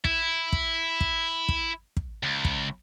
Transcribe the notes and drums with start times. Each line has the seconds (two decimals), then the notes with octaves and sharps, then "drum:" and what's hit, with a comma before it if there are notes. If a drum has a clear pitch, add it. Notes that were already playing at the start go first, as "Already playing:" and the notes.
0.04 E4, drum: kick
0.52 drum: kick
1.01 drum: kick
1.49 drum: kick
1.97 drum: kick
2.23 C#2
2.45 drum: kick